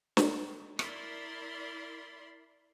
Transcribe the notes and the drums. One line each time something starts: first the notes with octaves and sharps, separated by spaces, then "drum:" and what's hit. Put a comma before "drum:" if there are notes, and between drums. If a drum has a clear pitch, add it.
drum: snare
E4 A#4 D5 B5 C6, drum: rim click